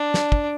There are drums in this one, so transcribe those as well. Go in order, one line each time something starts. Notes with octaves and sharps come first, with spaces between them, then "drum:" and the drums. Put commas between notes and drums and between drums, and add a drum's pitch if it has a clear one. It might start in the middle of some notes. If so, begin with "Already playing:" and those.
Already playing: D4
drum: snare
drum: kick